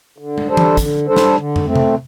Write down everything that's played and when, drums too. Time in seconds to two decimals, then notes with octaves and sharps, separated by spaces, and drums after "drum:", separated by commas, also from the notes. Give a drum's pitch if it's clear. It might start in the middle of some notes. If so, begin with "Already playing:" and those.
0.18 D3
0.38 drum: tom
0.47 G3 D4 A4 C5
0.57 drum: tom E3
0.77 D3, drum: kick, hi-hat
1.07 G3 D4 A4 C5
1.16 drum: snare
1.36 D3
1.56 drum: tom
1.66 A3 C4
1.75 drum: tom C3